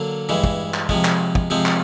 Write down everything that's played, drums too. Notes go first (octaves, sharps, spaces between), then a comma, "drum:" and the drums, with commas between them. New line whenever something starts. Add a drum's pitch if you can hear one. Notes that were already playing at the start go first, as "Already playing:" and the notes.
Already playing: D3 F#3 A#3 D4
G2 E3 G#3
drum: kick
drum: clap
C3 F3 G#3, drum: kick
drum: clap
drum: kick
C3 F3 G#3 C4
drum: clap